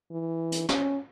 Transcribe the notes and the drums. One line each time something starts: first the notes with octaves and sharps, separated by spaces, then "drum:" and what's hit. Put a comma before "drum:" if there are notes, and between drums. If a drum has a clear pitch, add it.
E3
drum: hi-hat
C#4, drum: snare